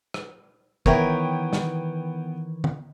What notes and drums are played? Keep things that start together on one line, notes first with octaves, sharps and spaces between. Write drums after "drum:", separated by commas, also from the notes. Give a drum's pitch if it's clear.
drum: rim click
D#3 E3 B3 E4 A#4 C#5 G5, drum: kick
drum: snare
drum: tom D3